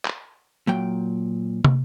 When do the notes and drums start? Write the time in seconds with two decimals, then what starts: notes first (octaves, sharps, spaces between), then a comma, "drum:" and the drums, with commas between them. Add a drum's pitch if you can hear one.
0.05 drum: clap
0.67 A#2 F#3 G5
1.65 drum: tom